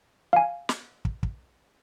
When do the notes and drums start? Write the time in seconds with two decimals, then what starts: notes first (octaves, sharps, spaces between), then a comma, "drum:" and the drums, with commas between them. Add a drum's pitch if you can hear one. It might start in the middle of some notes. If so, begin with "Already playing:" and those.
0.33 F5 G#5
0.69 drum: snare
1.05 drum: kick
1.23 drum: kick